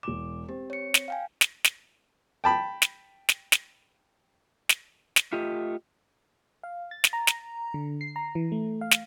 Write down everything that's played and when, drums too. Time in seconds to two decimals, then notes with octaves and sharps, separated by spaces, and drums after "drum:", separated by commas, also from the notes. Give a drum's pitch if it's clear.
0.03 E1 D6 E7
0.49 C4 G4
0.70 C#5 C#7
0.94 drum: snare
1.08 F5 G5 G#5
1.41 drum: snare
1.64 drum: snare
2.44 G5 A5 B5
2.82 drum: snare
3.29 drum: snare
3.52 drum: snare
4.69 drum: snare
5.16 drum: snare
5.33 A3 F4 G4 D#5
6.63 F5
6.91 A6
7.04 drum: snare
7.13 A#5
7.27 drum: snare
7.74 D3
8.01 C7
8.16 A#5
8.35 E3
8.52 A3
8.81 F5
8.91 drum: snare